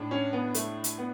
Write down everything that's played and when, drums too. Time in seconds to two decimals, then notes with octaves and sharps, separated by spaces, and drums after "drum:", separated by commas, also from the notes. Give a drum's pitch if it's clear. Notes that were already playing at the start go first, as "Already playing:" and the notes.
Already playing: A2 G#3 D4
0.11 C#4
0.33 B3
0.54 A3, drum: hi-hat
0.84 drum: hi-hat
0.98 B3